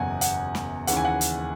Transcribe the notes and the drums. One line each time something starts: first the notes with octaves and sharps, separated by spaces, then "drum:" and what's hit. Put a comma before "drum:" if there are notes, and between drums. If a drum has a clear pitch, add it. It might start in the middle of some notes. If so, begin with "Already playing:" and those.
Already playing: F#1 E2 B2 F#3 F#5 G#5
F#5, drum: hi-hat
drum: snare
D#2 C#3 E3 F#5, drum: hi-hat
G#5
F#5
drum: hi-hat